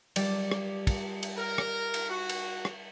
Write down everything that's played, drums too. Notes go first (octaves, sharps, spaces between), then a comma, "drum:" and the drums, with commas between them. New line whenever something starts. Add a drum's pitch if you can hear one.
G3 D5, drum: cymbal
drum: rim click
drum: kick, cymbal
drum: cymbal
A#4
drum: rim click
drum: cymbal
F#4
drum: cymbal
drum: rim click